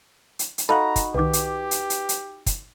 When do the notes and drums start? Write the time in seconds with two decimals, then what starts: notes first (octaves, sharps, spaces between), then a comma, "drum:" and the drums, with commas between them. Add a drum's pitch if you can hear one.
0.39 drum: hi-hat
0.58 drum: hi-hat
0.69 D#4 F#4 A4 F5 F#5 A#5 B5
0.96 drum: kick, hi-hat
1.14 C2 D#3 G4 B4 D6
1.33 drum: hi-hat
1.71 drum: hi-hat
1.90 drum: hi-hat
2.09 drum: hi-hat
2.46 drum: kick, hi-hat